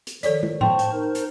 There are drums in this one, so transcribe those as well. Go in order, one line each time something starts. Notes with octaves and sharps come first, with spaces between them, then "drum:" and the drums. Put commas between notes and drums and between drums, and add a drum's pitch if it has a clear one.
drum: hi-hat
D#3 F3 A4 C#5 D5, drum: hi-hat
drum: tom
C5 G5 A5 C6 C#6, drum: tom
drum: hi-hat
D#4 A#4 C5
drum: hi-hat